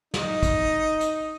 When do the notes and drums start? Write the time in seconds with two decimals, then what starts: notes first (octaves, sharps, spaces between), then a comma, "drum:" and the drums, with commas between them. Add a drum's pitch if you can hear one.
0.14 D#4, drum: snare
0.43 drum: kick, hi-hat
1.01 drum: hi-hat